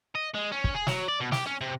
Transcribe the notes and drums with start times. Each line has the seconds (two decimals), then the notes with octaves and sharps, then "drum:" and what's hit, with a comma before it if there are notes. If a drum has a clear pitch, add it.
0.15 D#5
0.34 G#3
0.52 C#4
0.64 drum: kick
0.74 G#4
0.87 F#3, drum: snare
1.08 D5
1.20 B2
1.32 G4, drum: snare
1.47 C#4
1.61 C3